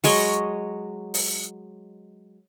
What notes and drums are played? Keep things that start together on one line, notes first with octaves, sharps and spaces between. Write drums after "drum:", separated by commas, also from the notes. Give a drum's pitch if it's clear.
F#3 G#3 C#5 D#5, drum: open hi-hat
drum: open hi-hat